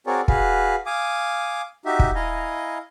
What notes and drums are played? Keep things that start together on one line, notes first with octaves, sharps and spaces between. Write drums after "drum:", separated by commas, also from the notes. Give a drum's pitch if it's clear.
C4 F#4 G#4 A#4 C#5 D5
F#4 G#4 B4 F5, drum: kick
F5 G#5 D6 D#6
D#4 F#4 G4 E5
drum: kick
E4 D#5 F5 G#5 A#5